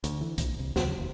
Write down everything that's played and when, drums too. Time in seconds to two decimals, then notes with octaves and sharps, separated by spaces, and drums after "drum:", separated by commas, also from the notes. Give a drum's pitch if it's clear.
0.04 D2, drum: hi-hat
0.21 E3
0.38 A#1, drum: kick C2, hi-hat
0.59 C2
0.76 D#2 C#3 F#3, drum: snare
0.98 F1 D#2